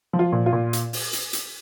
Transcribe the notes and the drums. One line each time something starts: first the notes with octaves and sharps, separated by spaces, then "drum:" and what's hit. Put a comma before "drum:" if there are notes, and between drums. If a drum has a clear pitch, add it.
F3
F4
A#2
F4
A#2
drum: hi-hat
drum: open hi-hat
drum: hi-hat
drum: hi-hat